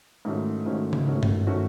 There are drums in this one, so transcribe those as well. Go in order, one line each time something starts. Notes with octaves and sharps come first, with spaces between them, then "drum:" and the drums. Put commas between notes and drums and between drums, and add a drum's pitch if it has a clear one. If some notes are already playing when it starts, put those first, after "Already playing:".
G#2 D#3 A3 C#4 F#4
G#2 D#3 A3 C#4 F#4
drum: tom C#3
G#2 D#3 A3 C#4 F#4
drum: tom G2
D#3 A3 C#4 F#4